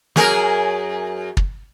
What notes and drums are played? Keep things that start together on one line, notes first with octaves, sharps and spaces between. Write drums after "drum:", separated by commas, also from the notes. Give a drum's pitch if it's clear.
F#2 G#4 A#4, drum: snare
drum: kick